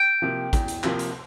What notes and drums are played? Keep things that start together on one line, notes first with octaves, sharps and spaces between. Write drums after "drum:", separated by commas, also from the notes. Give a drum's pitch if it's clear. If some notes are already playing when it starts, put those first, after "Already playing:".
Already playing: G5
C3 F3 A#3
E2, drum: kick A1, hi-hat
drum: hi-hat
C3 F3 A#3, drum: clap
drum: hi-hat